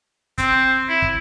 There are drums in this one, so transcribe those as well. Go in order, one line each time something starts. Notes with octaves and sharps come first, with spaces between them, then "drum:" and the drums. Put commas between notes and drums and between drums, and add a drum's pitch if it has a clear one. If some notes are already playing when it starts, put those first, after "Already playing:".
C4, drum: kick, hi-hat
E4
drum: kick